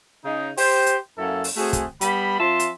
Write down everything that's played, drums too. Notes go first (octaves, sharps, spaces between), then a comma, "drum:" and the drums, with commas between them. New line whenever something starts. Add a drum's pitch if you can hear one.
C#3 D#4
G4 C5, drum: open hi-hat
drum: hi-hat
F#2 A#3 C#4 E4 A4
drum: open hi-hat
A3 C4 F#4 G#4
drum: kick, hi-hat
G3 B3 B5, drum: hi-hat
F3 C4 E5 A5 C6
drum: hi-hat